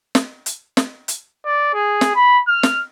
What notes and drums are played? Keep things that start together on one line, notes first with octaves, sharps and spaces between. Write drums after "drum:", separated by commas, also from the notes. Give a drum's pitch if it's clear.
drum: snare
drum: hi-hat
drum: snare
drum: hi-hat
D5
G#4
drum: snare
B5
F6
drum: snare